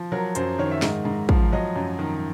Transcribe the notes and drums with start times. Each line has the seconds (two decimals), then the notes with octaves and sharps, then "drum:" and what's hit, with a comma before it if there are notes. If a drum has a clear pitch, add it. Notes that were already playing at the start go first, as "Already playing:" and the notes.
Already playing: F3
0.12 F#3 A#4
0.35 F#2 C5, drum: hi-hat
0.59 D#3 C#5
0.71 E5
0.82 G#2 D#5, drum: snare
1.05 G#2
1.29 F3, drum: kick
1.52 F#3 D#5
1.76 F#2
1.99 D#3